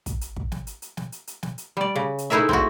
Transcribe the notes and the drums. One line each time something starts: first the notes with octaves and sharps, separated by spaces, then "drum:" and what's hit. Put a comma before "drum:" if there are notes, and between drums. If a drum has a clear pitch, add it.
drum: kick, hi-hat
drum: hi-hat
drum: kick
drum: snare
drum: hi-hat
drum: hi-hat
drum: snare
drum: hi-hat
drum: hi-hat
drum: snare
drum: hi-hat
G3 D5
C#3
drum: hi-hat
A3 D#4 E4 G#4 A#4 E5
C4 E4 F#4, drum: kick